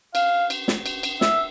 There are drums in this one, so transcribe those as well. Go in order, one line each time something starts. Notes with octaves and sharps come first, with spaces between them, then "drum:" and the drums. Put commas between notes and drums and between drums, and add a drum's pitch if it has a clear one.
F5, drum: cymbal
drum: cymbal
drum: snare
drum: cymbal
drum: cymbal
E5, drum: snare